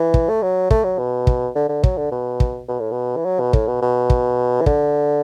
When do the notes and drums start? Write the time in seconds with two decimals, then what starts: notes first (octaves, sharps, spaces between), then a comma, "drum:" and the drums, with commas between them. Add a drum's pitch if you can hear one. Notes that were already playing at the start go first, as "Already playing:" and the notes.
Already playing: E3
0.14 drum: kick
0.29 A3
0.42 F#3
0.70 A3, drum: kick
0.84 F#3
0.98 B2
1.27 drum: kick
1.56 D3
1.69 D3
1.84 F#3, drum: kick
1.98 D3
2.12 B2
2.40 drum: kick
2.68 B2
2.80 A2
2.92 B2
3.16 E3
3.25 F#3
3.40 B2
3.53 A2, drum: kick
3.68 B2
3.82 B2
4.10 drum: kick
4.61 E3
4.66 D3, drum: kick